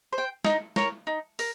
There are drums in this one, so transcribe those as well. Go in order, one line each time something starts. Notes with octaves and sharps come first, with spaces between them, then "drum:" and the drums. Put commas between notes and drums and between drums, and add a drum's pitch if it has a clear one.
C5
G5
D#4, drum: snare
A#4 C#5, drum: snare
D#4
A#4, drum: open hi-hat